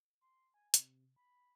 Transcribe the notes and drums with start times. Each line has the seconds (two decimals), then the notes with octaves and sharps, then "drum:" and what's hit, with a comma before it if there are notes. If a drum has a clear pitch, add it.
0.21 C6
0.54 G#5
0.74 C3, drum: hi-hat
1.16 B5